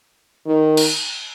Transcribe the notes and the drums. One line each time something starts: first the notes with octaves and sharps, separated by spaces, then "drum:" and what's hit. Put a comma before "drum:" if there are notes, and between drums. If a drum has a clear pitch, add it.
D#3
drum: cymbal